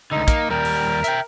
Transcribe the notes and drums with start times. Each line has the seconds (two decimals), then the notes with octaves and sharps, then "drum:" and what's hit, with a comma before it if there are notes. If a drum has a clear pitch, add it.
0.11 C#2 D3 D#4
0.28 A#3, drum: kick, hi-hat
0.50 D#2 G3 A#4
0.65 drum: open hi-hat
1.04 E5 G5, drum: hi-hat